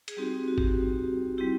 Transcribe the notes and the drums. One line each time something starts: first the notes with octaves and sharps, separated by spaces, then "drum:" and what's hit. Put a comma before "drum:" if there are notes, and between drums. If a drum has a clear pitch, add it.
G#4, drum: hi-hat
G3 C4 D#4 F#4 G4
F#4
G4, drum: kick G#1
G3 C4 E4 G4